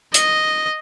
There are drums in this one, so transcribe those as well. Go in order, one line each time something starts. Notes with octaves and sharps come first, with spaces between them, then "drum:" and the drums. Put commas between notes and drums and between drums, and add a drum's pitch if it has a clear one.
D#5, drum: hi-hat